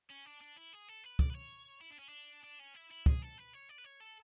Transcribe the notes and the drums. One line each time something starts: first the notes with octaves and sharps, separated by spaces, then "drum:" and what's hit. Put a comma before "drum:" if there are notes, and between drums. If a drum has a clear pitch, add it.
C#4
D4
D4
E4
G#4
A4
B4
D5, drum: kick
B4
C#5
E4
D4
C#4
D4
D4
C#4
E4
E4
G#4, drum: kick
A4
B4
C#5
D5
B4
C#5
A4